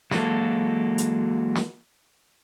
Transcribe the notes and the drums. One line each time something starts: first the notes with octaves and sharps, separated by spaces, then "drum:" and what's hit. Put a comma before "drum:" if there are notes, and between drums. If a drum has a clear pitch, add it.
E3 F#3 G#3 A#3 F#4 A4, drum: snare
drum: hi-hat
drum: snare